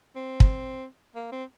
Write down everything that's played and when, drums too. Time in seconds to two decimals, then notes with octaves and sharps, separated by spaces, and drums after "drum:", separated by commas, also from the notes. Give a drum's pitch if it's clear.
0.16 C4
0.40 drum: kick
1.15 A#3
1.32 C4